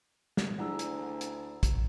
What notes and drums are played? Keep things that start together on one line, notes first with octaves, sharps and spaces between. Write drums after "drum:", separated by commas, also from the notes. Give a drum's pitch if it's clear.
drum: snare
D2 D4 E4 G#4 F#5 A#5 E6
drum: hi-hat
drum: hi-hat
drum: kick, hi-hat